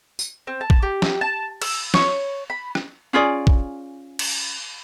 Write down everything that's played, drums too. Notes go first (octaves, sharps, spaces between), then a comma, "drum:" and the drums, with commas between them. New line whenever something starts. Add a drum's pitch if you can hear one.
drum: tambourine
C4
A5
drum: kick
G4
drum: snare
A5
E6, drum: cymbal
C#5, drum: snare
B5
drum: rim click
C#4 F4 G#4 D5
drum: kick
drum: cymbal